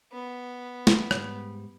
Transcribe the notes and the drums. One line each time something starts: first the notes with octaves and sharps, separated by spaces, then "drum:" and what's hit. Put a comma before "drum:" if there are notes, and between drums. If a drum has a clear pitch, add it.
B3
drum: snare
G#2 G3, drum: rim click